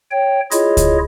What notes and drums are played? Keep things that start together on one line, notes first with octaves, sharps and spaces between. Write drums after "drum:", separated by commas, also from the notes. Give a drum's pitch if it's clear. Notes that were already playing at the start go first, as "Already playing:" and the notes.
C#5 G5
E4 F4 G#4 C#5 D#5, drum: hi-hat
drum: kick C#2, hi-hat